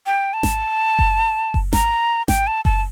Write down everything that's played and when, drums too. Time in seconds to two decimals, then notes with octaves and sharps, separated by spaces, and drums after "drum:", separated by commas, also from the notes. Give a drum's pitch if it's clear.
0.06 G5
0.33 A5
0.43 drum: snare G#1
0.99 drum: kick F#1
1.54 drum: kick F#1
1.73 A#5, drum: snare G#1
2.28 G5, drum: snare G#1
2.47 A5
2.65 A5, drum: kick F#1